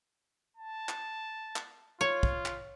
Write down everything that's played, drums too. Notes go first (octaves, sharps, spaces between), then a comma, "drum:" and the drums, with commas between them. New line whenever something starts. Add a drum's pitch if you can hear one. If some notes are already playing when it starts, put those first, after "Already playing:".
A5
drum: clap
drum: clap
F4 C#5
drum: kick
drum: clap